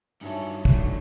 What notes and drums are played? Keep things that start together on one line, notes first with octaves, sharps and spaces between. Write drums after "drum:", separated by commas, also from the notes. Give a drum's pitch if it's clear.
G2 D#3 F#3 G#4 A4 C#5 E5 A5
D3 E3 A3, drum: kick